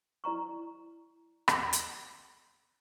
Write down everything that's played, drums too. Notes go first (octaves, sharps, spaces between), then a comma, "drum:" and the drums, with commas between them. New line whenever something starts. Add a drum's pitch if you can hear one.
E4 D5 A#5 C#6
drum: rim click
drum: hi-hat